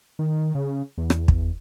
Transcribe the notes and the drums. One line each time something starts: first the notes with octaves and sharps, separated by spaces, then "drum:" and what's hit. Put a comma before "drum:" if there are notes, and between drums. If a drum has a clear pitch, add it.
D#3
C#3
E2
drum: rim click
drum: kick